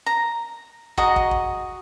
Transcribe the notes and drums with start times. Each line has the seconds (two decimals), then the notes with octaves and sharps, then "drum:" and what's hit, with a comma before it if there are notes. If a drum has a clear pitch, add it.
0.06 A#5
0.98 F#4 G#4 D#5 A#5, drum: kick
1.16 drum: kick
1.31 drum: kick